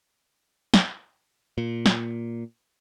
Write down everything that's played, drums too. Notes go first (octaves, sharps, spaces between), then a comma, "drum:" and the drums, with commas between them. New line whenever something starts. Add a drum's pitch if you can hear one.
drum: snare
A#2
drum: snare